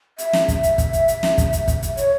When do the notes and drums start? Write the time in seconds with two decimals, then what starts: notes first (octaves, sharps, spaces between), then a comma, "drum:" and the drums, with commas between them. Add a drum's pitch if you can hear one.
0.18 E5, drum: hi-hat
0.33 drum: snare
0.48 drum: kick, hi-hat
0.63 drum: hi-hat
0.78 drum: kick, hi-hat
0.93 drum: hi-hat
1.08 drum: hi-hat
1.23 drum: snare
1.38 drum: kick, hi-hat
1.53 drum: hi-hat
1.68 drum: kick, hi-hat
1.82 drum: hi-hat
1.97 C#5, drum: hi-hat